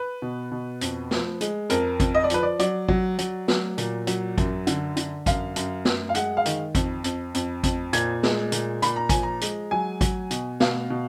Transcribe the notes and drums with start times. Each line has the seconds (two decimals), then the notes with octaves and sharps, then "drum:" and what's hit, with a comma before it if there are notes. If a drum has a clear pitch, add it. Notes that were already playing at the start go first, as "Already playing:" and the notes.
Already playing: B4
0.22 B2
0.51 B2
0.81 F2, drum: hi-hat
1.11 F3, drum: snare
1.41 G#3, drum: hi-hat
1.70 F2 A#4, drum: hi-hat
2.00 F2, drum: kick G#1, hi-hat
2.15 D#5
2.24 D5
2.30 F3 B4, drum: hi-hat
2.43 D5
2.59 F#3 D5, drum: hi-hat
2.89 F#3, drum: kick G#1
3.18 F#3, drum: hi-hat
3.48 F#3, drum: snare
3.78 A#2, drum: hi-hat
4.07 F#3, drum: hi-hat
4.38 F#2, drum: kick G#1, hi-hat
4.67 D3, drum: hi-hat
4.97 D3, drum: hi-hat
5.26 F#2 F5, drum: kick G#1, hi-hat
5.56 F#2, drum: hi-hat
5.85 F#2, drum: snare
6.09 F5
6.15 G#3 F#5, drum: hi-hat
6.37 F5
6.45 D#3, drum: hi-hat
6.75 F2, drum: kick G#1, hi-hat
7.04 F2, drum: hi-hat
7.34 F2, drum: hi-hat
7.64 F2, drum: kick G#1, hi-hat
7.93 A#2 G#6, drum: hi-hat
8.23 G#3, drum: snare
8.52 A#2, drum: hi-hat
8.82 A#2 B5, drum: hi-hat
8.96 A#5
9.09 F3 G#5, drum: kick G#1, hi-hat
9.23 A#5
9.41 G#3, drum: hi-hat
9.71 F#3 G#5
10.01 F#3, drum: kick G#1, hi-hat
10.31 B2, drum: hi-hat
10.60 B2 F5, drum: snare
10.90 B2